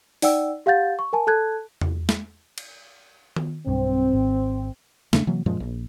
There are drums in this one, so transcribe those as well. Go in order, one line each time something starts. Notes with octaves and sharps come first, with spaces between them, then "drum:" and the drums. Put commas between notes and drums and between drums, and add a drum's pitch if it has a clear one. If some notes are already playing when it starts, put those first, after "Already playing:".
D#4 D5 F#5 G5 E6, drum: open hi-hat
G4 F5 F#5 G6 A6
C#6
A#4 G#5 A5
A4 A5 F#6 G#6
drum: tom E2
drum: snare
drum: cymbal
drum: tom D#3
B1 G2 C4
G#1
E2 C#3 A3 D4, drum: snare
C3 E3 F#3 A#3
F#2 A#2 F3 G#3
A#1